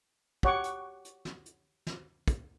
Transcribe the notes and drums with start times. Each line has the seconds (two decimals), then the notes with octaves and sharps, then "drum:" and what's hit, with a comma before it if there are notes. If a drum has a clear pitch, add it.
0.43 F#4 G4 C#5 F#5 C#6 D6, drum: kick
0.64 drum: hi-hat
1.05 drum: hi-hat
1.25 drum: snare
1.46 drum: hi-hat
1.87 drum: snare
2.28 drum: kick, hi-hat